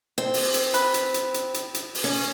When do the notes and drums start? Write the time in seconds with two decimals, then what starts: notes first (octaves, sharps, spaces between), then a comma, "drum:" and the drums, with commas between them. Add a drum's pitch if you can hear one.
0.18 C4
0.34 drum: open hi-hat
0.54 drum: hi-hat
0.74 B4, drum: hi-hat
0.94 drum: hi-hat
1.14 drum: hi-hat
1.34 drum: hi-hat
1.54 drum: hi-hat
1.74 drum: hi-hat
1.95 drum: open hi-hat
2.04 C#4